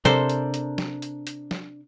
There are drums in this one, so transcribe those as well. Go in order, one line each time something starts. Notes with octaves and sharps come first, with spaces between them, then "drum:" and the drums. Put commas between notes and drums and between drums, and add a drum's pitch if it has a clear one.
C3 D4 A4 A#4 C5, drum: snare
drum: hi-hat
drum: hi-hat
drum: snare
drum: hi-hat
drum: hi-hat
drum: snare